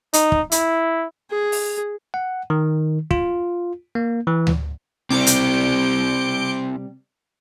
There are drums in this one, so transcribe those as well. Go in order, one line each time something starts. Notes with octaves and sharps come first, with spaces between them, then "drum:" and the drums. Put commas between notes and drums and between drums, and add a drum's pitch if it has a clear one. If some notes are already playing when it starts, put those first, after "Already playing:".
D#4, drum: hi-hat
drum: kick
E4, drum: hi-hat
G#4
drum: open hi-hat
F#5
D#3
F4, drum: kick
A#3
E3
drum: tom D2
C3 G3 C4 E4 C5 D6 G6 C#7
drum: hi-hat